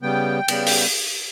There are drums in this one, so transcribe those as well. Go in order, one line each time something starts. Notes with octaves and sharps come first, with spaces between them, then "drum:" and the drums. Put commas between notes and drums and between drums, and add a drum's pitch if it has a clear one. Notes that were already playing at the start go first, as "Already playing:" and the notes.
C#3 G3 B3 G5
C#3 G3 B3, drum: cymbal
drum: open hi-hat